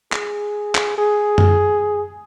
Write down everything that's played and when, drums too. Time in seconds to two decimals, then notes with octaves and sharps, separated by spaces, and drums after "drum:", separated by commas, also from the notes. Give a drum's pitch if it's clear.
0.12 G#4, drum: clap
0.75 drum: clap
0.98 G#4
1.38 drum: tom F#2